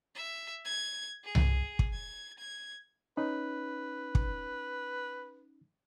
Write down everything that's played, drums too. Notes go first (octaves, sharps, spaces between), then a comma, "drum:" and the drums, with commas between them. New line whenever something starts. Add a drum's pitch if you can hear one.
E5
G#6
G#4
drum: tom C2
drum: kick
G#6
G#6
C#4 D#4 B4
drum: kick